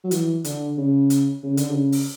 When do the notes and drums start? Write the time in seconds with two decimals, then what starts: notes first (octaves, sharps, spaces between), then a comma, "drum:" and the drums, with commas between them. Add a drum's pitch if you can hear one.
0.04 F#3
0.11 E3, drum: hi-hat
0.44 D3, drum: hi-hat
0.77 C#3
1.10 drum: hi-hat
1.43 C#3
1.57 D3, drum: hi-hat
1.70 C#3
1.92 drum: open hi-hat